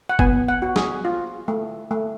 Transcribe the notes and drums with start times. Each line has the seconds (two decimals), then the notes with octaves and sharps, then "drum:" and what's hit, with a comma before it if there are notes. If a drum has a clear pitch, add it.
0.09 F#5
0.19 B3 G#5, drum: kick
0.48 F#5
0.62 F#4
0.76 G#4, drum: snare
1.05 F4
1.48 A3
1.91 A3